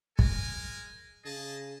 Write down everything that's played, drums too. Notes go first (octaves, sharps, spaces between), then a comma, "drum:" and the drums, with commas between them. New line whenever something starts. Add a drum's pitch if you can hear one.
G#3 A#4 G#5, drum: kick
C#3 G#4 D#5 A5